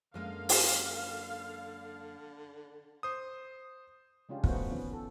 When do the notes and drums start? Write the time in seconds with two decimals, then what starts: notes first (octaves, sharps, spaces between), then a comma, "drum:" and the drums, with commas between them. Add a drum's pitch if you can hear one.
0.14 F#2 D3 G#3 A#3 F5
0.49 drum: open hi-hat
3.03 C5 D#6
4.29 C#3 G#3 C#4 D4 F4 G4
4.44 F3 A3 B3 F#4 C5, drum: kick
4.71 D#3 F3 B3 C#4
4.93 A4